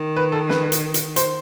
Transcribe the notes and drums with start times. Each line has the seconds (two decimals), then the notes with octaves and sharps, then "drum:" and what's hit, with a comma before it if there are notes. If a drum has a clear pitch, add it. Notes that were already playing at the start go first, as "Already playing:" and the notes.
Already playing: D#3
0.16 B4
0.32 A4
0.49 B4, drum: snare
0.72 drum: hi-hat
0.94 drum: hi-hat
1.16 C5, drum: hi-hat